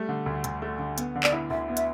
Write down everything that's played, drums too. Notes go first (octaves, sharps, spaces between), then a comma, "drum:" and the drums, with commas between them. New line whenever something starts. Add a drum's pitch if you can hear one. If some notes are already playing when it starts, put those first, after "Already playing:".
Already playing: G3 A3
D3
D2
D2, drum: hi-hat
A3
D3
B3, drum: hi-hat
D3
D5, drum: clap
E4
D2 E5
B3
E5, drum: hi-hat